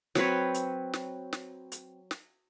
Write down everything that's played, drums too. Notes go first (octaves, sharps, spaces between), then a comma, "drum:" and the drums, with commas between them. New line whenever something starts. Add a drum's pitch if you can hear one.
F#3 C4 B4 C#5, drum: snare
drum: hi-hat
drum: snare
drum: snare
drum: hi-hat
drum: snare